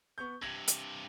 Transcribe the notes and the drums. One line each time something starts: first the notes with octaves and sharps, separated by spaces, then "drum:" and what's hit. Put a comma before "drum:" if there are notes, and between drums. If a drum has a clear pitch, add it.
B3 C#6 G6
G2 C3 G#6 A#6 F#7
drum: hi-hat